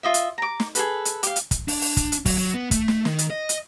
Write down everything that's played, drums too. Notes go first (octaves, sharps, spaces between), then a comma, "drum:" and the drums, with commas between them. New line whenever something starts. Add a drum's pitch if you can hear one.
F4 D#5 E5
drum: hi-hat
A#5 D6
drum: snare
G#4 A4 B4, drum: hi-hat
drum: hi-hat
G4 F5, drum: hi-hat
drum: hi-hat
drum: kick, hi-hat
D4, drum: open hi-hat
drum: open hi-hat
drum: kick, hi-hat
drum: hi-hat
F#3, drum: kick, open hi-hat
F#3
B3
A3, drum: kick, hi-hat
drum: snare
D#3, drum: snare
drum: hi-hat
D#5
drum: hi-hat